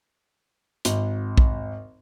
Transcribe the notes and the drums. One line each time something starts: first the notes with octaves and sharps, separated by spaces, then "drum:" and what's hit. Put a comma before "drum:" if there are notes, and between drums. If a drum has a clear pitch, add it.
G#1, drum: hi-hat
drum: kick A#1